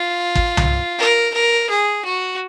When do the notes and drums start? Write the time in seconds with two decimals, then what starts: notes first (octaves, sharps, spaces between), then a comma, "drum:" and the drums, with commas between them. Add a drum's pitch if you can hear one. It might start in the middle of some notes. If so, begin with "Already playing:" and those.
Already playing: F4
0.35 drum: kick
0.57 drum: tom C2
0.99 A#4
1.34 A#4
1.69 G#4
2.05 F#4